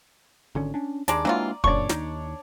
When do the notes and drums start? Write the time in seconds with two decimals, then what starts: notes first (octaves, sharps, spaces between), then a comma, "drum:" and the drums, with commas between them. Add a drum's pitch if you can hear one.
0.55 G#1 D3 C#4
0.74 C#4 D4
1.08 D#2 G#3 D4 D5 A#5, drum: hi-hat
1.25 E3 F#3 G#3 A#3 D4 F4
1.64 F#2 A#2 C#3 D4 C#5 D5 C#6, drum: kick
1.89 D#2 D#4, drum: snare